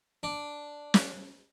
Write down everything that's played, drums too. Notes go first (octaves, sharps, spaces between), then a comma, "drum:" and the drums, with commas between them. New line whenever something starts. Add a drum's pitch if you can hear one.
D4
drum: snare